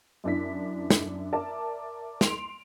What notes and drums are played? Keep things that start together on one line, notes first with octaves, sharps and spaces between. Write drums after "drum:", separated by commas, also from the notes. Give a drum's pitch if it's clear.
F#2 D4 E4 B6
drum: snare
A#4 D5 E5 A5
C6 D7 F7, drum: snare